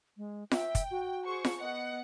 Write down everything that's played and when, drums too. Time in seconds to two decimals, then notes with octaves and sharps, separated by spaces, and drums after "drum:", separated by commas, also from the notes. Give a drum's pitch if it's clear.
0.17 G#3
0.51 E5 G5, drum: snare F4
0.75 drum: kick, hi-hat
0.91 F#4
1.26 G#4 C5 C#6
1.45 drum: snare F4
1.60 B3 D#5 F#5